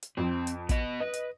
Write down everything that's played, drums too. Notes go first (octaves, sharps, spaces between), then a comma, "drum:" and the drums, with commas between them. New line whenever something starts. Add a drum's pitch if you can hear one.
drum: hi-hat
F2 F3 C4
drum: hi-hat
B3 D#5, drum: kick, hi-hat
B4 D#5
drum: hi-hat